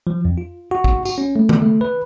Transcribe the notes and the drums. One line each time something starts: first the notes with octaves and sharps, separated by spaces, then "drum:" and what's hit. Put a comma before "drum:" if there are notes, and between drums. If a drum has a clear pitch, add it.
F3
F2
F4
F#4
drum: kick
F#4, drum: tambourine
C#4
A3
drum: tom D#3
A3
B4